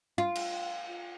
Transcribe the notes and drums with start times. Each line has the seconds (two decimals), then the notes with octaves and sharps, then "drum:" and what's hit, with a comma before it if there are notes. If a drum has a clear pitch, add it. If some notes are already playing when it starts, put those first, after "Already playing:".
0.18 F4
0.35 drum: cymbal